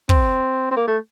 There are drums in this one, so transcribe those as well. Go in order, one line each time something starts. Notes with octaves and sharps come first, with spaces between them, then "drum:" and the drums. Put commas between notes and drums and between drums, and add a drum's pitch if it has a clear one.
C4, drum: kick
C4
A#3
A3